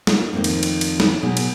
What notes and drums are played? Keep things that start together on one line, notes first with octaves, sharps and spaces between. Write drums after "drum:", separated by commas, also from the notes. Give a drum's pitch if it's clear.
A#3 F4, drum: snare
F2 D#3 A3 A#3 C4
drum: cymbal
drum: cymbal
drum: cymbal
drum: snare
B2 F#3 G#4
drum: cymbal